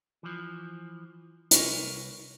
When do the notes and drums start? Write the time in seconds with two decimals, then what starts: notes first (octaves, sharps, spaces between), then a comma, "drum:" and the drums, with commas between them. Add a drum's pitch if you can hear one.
0.23 E3 F3
1.51 C2 A#4 B4 C#5, drum: hi-hat